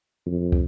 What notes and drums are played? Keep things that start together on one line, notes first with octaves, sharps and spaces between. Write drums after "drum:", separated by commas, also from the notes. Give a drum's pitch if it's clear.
F2
drum: kick